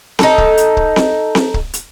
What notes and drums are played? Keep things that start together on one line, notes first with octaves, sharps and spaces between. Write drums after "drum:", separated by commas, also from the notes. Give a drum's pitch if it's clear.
D#4 A4, drum: snare C4
drum: kick C#1
drum: hi-hat
drum: kick C#1
drum: snare C4
drum: snare C4
drum: kick C#1
drum: hi-hat